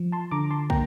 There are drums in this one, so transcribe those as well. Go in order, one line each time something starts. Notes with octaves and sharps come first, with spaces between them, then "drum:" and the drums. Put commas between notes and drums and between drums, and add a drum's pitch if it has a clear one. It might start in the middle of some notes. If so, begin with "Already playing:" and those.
Already playing: F3
A5 C6
D3 A#5 D6
A5 C6
A#3 G5 A#5, drum: kick